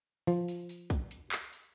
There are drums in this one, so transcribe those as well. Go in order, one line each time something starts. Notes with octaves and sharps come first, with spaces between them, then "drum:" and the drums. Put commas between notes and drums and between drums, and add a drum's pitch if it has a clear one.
F3, drum: open hi-hat
drum: open hi-hat
drum: open hi-hat
drum: kick, hi-hat
drum: hi-hat
drum: clap
drum: open hi-hat